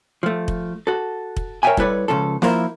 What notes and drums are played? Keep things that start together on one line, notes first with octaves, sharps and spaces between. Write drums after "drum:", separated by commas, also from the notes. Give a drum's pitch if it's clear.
F3 A3
drum: kick
F#4 A4
drum: kick
A#4 C#5 D#5 E5 G5 G#5
G3 E4 A4 B4 C#5 D5, drum: kick
C#2 C#3 F3 A4
F3 A#3 E4 F4 A#4 C5, drum: snare